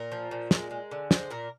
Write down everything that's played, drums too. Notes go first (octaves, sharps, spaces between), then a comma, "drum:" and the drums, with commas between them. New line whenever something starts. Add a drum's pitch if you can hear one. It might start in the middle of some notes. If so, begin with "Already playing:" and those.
Already playing: A#2 A#4
F3
A#2
G#3, drum: snare
G#3
D3
G#3 C5, drum: snare
A#2 A#4